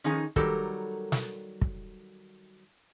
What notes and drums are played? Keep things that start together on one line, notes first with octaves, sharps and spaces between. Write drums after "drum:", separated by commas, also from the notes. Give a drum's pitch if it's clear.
D#3 F3 C#4 D#4 G#4 G#5
D#3 F#3 G3 G4 A4 A#4, drum: kick
drum: snare
drum: kick